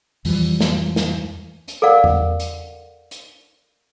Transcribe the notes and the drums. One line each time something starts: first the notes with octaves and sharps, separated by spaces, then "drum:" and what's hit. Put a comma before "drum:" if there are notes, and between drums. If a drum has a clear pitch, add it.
F2 E3 F3 G3, drum: open hi-hat
drum: snare
drum: snare
drum: hi-hat
A4 A#4 D5 F5 F#5
drum: tom E2
drum: hi-hat
drum: hi-hat